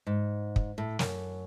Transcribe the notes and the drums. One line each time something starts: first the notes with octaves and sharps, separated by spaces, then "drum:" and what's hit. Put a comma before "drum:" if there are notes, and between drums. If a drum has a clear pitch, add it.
G#2
drum: kick
A2
F#2, drum: snare